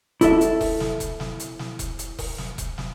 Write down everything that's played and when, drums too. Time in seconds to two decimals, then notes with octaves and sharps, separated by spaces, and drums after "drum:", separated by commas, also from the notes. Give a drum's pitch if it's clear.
0.21 E4 A4 E5, drum: kick E1, hi-hat
0.41 drum: hi-hat
0.61 drum: kick E1, open hi-hat
0.80 drum: snare
1.00 drum: kick E1, hi-hat
1.20 drum: snare
1.40 drum: hi-hat
1.59 drum: snare
1.79 drum: kick E1, hi-hat
1.99 drum: hi-hat
2.19 drum: kick E1, open hi-hat
2.38 drum: snare
2.58 drum: kick E1, hi-hat
2.78 drum: snare